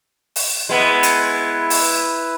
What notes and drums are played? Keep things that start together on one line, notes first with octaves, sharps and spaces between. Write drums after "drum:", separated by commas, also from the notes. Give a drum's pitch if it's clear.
drum: open hi-hat
G#3 B3 E4 B4
drum: hi-hat
drum: open hi-hat